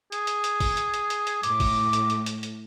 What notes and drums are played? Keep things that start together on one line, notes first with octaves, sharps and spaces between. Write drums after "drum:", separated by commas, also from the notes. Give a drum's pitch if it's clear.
G#4, drum: hi-hat
drum: hi-hat
drum: hi-hat
drum: kick, open hi-hat
drum: hi-hat
drum: hi-hat
drum: hi-hat
drum: hi-hat
A2 D6, drum: hi-hat
drum: kick, open hi-hat
drum: hi-hat
drum: hi-hat
drum: hi-hat
drum: hi-hat